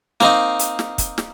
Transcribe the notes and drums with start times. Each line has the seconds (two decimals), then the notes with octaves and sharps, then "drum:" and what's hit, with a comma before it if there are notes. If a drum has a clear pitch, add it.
0.20 A#3 C4 D#4, drum: snare
0.59 drum: hi-hat
0.79 drum: snare
0.98 drum: kick, hi-hat
1.18 drum: snare